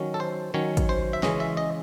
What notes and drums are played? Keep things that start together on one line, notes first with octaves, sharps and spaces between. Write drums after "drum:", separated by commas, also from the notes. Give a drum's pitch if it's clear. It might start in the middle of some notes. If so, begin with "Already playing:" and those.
Already playing: D#3 F#3 C#4
A4
C5
D#3 F#3 C#4 C#5
drum: kick, hi-hat
C5
E5
C#3 E3 G#3 C#4 D#5, drum: snare
E5
D#5